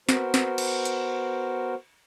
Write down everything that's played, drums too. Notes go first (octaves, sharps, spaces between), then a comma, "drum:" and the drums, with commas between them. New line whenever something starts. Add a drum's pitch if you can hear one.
B3 F#4 A#4 C5, drum: snare
drum: snare
drum: cymbal
drum: hi-hat